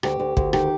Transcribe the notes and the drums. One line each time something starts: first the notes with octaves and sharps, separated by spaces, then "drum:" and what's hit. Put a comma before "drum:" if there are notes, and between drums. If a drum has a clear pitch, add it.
D2 G4, drum: rim click
D2
D2, drum: kick
D#3 G4, drum: rim click